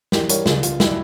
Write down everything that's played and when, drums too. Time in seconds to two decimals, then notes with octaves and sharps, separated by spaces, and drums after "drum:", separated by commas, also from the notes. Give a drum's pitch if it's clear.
0.12 E3 G4 A#4, drum: snare
0.29 G3 A#4 C#5, drum: hi-hat
0.46 C#2 F4 G#4, drum: snare
0.63 C#2 F4, drum: hi-hat
0.80 G3 E4, drum: snare